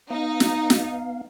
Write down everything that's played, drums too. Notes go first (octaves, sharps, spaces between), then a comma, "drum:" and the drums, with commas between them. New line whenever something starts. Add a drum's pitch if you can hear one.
B3 D#4 F5
drum: snare
drum: snare